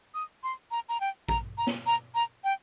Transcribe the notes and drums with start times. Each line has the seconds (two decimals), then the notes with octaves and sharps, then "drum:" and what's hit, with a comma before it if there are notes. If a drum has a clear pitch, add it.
0.14 D#6
0.43 C6
0.71 A#5
0.89 A#5
1.00 G5
1.29 A#5, drum: kick A1
1.58 A#5
1.67 drum: snare
1.86 A#5
2.15 A#5
2.44 G5